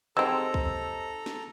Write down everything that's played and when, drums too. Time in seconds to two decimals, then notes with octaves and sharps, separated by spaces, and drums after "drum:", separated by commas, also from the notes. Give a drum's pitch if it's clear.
0.17 G#3 C4 D#4 G4 A4 C5 A#5 E6
0.54 drum: kick B1
1.26 drum: snare